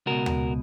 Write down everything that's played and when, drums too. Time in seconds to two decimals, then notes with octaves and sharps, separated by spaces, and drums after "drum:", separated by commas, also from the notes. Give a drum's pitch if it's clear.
0.06 C#2 B2 F#4 A#4
0.26 drum: tom D2